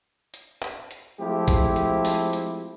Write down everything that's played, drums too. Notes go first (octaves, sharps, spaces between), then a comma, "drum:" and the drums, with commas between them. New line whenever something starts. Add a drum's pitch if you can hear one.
drum: hi-hat
drum: clap
drum: hi-hat
F3 G#3 A3 C4 E4 G4
drum: kick A1, hi-hat
drum: hi-hat
drum: open hi-hat
drum: hi-hat